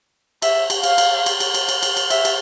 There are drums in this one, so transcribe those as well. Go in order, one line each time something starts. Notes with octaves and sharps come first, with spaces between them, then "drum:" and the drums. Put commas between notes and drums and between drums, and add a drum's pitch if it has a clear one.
E5, drum: cymbal
drum: cymbal
F5, drum: cymbal
drum: cymbal
drum: cymbal
drum: cymbal
drum: cymbal
drum: cymbal
drum: cymbal
drum: cymbal
E5, drum: cymbal
drum: cymbal